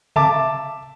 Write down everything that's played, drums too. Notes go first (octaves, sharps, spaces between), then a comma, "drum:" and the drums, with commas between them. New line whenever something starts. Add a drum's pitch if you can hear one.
E5 A5 D6, drum: tom C3